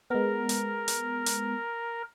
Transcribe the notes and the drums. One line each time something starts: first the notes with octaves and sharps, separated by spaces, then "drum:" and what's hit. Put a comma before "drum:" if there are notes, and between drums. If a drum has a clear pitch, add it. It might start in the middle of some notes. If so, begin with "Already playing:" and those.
G#3 B3 A#4
drum: hi-hat
drum: hi-hat
drum: hi-hat